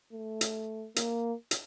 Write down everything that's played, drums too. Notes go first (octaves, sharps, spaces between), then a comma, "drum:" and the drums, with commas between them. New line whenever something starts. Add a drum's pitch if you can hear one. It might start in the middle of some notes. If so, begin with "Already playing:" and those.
A3
drum: hi-hat
A#3, drum: hi-hat
drum: hi-hat